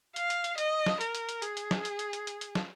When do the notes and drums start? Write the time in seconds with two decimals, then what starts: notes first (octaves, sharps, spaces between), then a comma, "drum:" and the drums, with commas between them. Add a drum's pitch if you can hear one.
0.16 F5, drum: hi-hat
0.30 drum: hi-hat
0.44 drum: hi-hat
0.58 D#5, drum: hi-hat
0.86 drum: snare
1.01 A#4, drum: hi-hat
1.15 drum: hi-hat
1.29 drum: hi-hat
1.42 G#4, drum: hi-hat
1.57 drum: hi-hat
1.71 drum: snare
1.85 drum: hi-hat
1.99 drum: hi-hat
2.13 drum: hi-hat
2.27 drum: hi-hat
2.41 drum: hi-hat
2.55 drum: snare